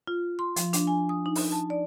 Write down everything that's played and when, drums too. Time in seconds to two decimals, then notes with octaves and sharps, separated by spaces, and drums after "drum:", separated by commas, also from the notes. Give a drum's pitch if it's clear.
0.08 F4
0.39 C6
0.56 F3, drum: hi-hat
0.73 D4, drum: hi-hat
0.87 G#5
1.09 D#6
1.26 D#4
1.35 drum: open hi-hat
1.52 A5
1.70 D5